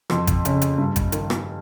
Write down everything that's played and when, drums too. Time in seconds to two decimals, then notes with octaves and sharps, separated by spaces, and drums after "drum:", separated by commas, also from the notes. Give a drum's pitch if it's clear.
0.10 F2 C6, drum: rim click
0.27 drum: kick, hi-hat
0.45 C#3, drum: hi-hat
0.62 drum: hi-hat
0.78 G2
0.96 drum: kick, hi-hat
1.12 D#3, drum: hi-hat
1.30 drum: rim click